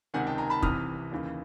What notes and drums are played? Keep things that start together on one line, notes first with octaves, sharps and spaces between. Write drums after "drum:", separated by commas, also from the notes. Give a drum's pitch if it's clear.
C#2 C3 D#3 F#5 G#5
G5 A5
G#5 A#5
A5 B5
C2 C3 E3 D#6 F6, drum: kick
D#2 C#3 E3